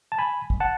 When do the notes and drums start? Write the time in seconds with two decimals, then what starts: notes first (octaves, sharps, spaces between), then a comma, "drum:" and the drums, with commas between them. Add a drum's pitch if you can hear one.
0.12 A5
0.19 G#5 B5
0.50 drum: kick A1
0.60 F#5 A5